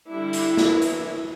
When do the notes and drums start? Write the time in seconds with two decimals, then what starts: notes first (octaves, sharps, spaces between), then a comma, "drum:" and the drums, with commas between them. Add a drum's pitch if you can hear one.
0.09 D3 G3 D4 E4
0.33 drum: hi-hat
0.57 F#3 B3 D4, drum: snare
0.82 drum: hi-hat